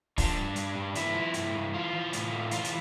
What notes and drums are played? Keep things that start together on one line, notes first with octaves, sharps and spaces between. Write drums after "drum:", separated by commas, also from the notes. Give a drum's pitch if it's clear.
F3 D4, drum: kick, open hi-hat
G2
G2, drum: hi-hat
G2
G2 E4, drum: hi-hat
F3
G2, drum: hi-hat
G2
E3 F4
E3
A2, drum: hi-hat
A3
E3 F4, drum: hi-hat
drum: hi-hat